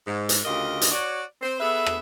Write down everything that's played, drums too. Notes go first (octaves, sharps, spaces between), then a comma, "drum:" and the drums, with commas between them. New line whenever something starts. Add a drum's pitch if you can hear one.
G#2
drum: hi-hat
D2 C#3 F4 G4 A#4 D#5
drum: hi-hat
F#4 C#5 D5
C4 C5
B3 G#4 A4 B4 E5
drum: rim click